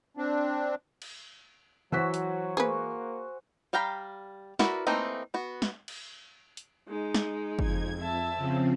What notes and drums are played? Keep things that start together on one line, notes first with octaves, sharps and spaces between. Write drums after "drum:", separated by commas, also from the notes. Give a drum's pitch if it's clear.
C4 D4
drum: cymbal
E3 F#3 F#4 C5 E6 B6
drum: hi-hat
A#3 G#4 B4 C5 G#5 C#6, drum: tom
G3 F5 G5 A#5 B5
E4 F#4 A#4 B4 D5, drum: snare
E3 A3 A#3 C4 D#4
B3 F#4
drum: snare
drum: cymbal
drum: hi-hat
G#3 D#4
drum: snare
F2 G#6, drum: kick
F2 E5 A5
C#3 F3 C4